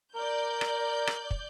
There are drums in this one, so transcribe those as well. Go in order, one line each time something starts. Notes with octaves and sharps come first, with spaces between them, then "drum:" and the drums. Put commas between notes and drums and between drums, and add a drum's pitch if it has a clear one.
A#4 D5 G6
drum: rim click
drum: rim click
drum: kick